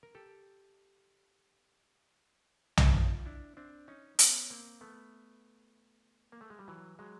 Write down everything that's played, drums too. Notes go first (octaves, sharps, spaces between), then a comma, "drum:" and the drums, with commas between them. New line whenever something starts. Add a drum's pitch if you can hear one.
A#4
G4 A4
drum: tom B1
D#4 F4
D4 E4
C4 D4
C#4 D#4
B3 C#4, drum: hi-hat
A#3 C4
A3 B3
A#3
A3
G#3
G3
E3 F#3
F#3 G#3